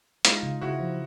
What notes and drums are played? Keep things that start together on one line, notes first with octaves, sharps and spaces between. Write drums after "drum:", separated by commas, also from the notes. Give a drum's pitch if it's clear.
G#3 D#4 F4, drum: hi-hat
C#3
C#3 E4 F#4
F3